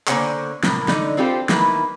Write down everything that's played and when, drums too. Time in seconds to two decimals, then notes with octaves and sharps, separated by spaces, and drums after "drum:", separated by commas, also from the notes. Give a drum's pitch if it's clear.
0.08 D3 A#3 C5 C#5 F#5 G#5, drum: clap
0.63 A2 C3 E3 A#3, drum: snare
0.88 D3 D#4, drum: snare
1.17 C4 D4 F4 G4 A4 C5
1.49 D#3 A#3 E4 B4, drum: snare